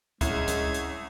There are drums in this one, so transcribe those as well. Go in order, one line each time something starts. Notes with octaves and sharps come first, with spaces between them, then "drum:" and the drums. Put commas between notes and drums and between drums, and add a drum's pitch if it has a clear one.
C2 G#3 C#4 G#6, drum: kick C#2, hi-hat
drum: kick C#2, hi-hat
drum: hi-hat